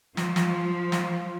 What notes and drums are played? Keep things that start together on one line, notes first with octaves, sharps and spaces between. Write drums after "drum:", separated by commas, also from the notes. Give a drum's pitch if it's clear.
F3, drum: snare
drum: snare
drum: snare